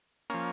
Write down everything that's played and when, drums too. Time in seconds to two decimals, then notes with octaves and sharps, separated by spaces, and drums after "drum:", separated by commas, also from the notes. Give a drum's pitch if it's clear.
0.30 F3 A#3 C#4, drum: hi-hat